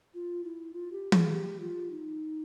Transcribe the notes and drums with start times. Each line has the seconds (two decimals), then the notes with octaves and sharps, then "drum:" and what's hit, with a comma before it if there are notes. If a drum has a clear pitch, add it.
0.14 F4
0.44 E4
0.73 F4
0.92 G4
1.12 G#4, drum: tom E3
1.32 G4
1.60 F4
1.90 D#4